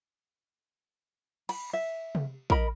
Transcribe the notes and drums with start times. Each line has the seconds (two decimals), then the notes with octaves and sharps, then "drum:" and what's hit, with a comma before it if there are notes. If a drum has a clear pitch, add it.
1.49 B5, drum: cymbal
1.73 E5
2.15 drum: tom C3
2.50 A#4 D#5 B5, drum: kick